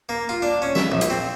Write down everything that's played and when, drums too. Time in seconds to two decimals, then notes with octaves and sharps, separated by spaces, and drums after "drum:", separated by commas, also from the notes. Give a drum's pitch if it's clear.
0.09 A#3
0.29 F4
0.42 D4
0.62 C#4
0.75 E5, drum: snare
0.92 A#1
1.01 drum: hi-hat
1.10 C4